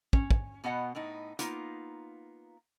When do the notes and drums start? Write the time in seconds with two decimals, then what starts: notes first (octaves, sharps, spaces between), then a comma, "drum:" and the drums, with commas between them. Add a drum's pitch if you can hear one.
0.13 C#4, drum: kick
0.31 drum: kick
0.64 B2 B3 D#5 F#5
0.95 A2 B3 D#4
1.39 A#3 B3 D#4 F4, drum: hi-hat